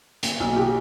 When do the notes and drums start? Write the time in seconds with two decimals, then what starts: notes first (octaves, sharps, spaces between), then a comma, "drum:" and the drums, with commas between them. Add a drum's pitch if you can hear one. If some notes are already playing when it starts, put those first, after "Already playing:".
0.23 A#2, drum: hi-hat
0.40 B1
0.56 G4